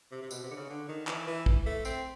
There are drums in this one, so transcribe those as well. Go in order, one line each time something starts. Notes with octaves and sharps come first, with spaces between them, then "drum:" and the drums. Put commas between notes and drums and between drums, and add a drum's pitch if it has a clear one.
C3
C3
B2, drum: tambourine
C3
D3
C#3
D3
D#3
E3, drum: clap
E3
drum: kick
A3
C4, drum: tambourine